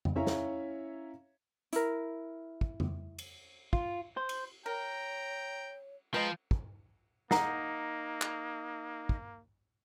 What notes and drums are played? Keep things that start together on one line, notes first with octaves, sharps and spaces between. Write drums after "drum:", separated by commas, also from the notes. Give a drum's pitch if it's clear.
drum: tom F2
C#4 E4 C#5 E5 F5 A#5
drum: snare
E4 A#4, drum: hi-hat
drum: kick
drum: tom F2
drum: cymbal
F4, drum: kick
C5
drum: cymbal
A#4 C#5 G5 A#5
F3 G#3 B4 D#5 G5 A#5
drum: kick
A#3 D#4 F#5 A#5, drum: snare
drum: clap
drum: kick